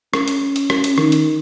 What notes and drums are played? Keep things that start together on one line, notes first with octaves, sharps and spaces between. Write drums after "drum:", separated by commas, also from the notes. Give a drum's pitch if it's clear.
C#4, drum: rim click
drum: hi-hat
drum: hi-hat
drum: rim click
drum: hi-hat
D#3, drum: rim click
drum: hi-hat